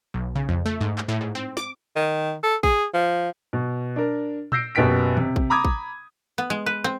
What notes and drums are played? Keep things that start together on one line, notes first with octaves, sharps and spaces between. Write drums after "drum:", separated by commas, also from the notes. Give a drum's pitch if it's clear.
B1
C#3
F2
A3
G#2
drum: clap
A2
G#2
C4
D6, drum: snare
D#3
A4
G#4, drum: kick
F3
B2
D4 A#4
E6 G6 A#6 C7 D7, drum: tom A#2
F#1 B2 B3 G4 B6 D7
C3, drum: tom
drum: kick
A#5 B5 D6 D#6 G#6
drum: kick
B3
G#3
B4
C4